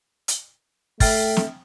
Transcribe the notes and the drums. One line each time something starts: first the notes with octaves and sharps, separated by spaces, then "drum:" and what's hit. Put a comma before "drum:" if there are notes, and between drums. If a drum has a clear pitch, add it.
drum: hi-hat
A3 E5 G5 F6 A6, drum: kick, open hi-hat
drum: snare